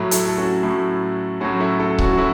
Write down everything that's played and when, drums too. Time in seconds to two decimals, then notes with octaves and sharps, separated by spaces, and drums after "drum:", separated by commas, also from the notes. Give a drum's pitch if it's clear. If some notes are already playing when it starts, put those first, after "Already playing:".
Already playing: A2 F#3 E4
0.11 E4 A4, drum: hi-hat
0.28 A4
0.38 C#4 F#4
0.63 A2 F#3 E4
1.40 A2 F#3 C#4 F#4
1.60 E4 A4
1.79 E4 A4
1.90 A4
1.98 C#4 F#4, drum: kick C#1
2.13 F#4
2.18 F#3 E4 A4